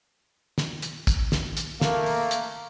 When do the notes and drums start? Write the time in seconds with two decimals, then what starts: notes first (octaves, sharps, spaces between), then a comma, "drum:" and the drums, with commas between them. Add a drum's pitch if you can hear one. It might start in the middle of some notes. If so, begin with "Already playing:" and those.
0.58 drum: snare
0.82 drum: hi-hat
1.07 drum: kick, hi-hat
1.32 drum: snare
1.57 drum: hi-hat
1.81 A3 A#3, drum: snare
2.06 drum: open hi-hat
2.31 drum: hi-hat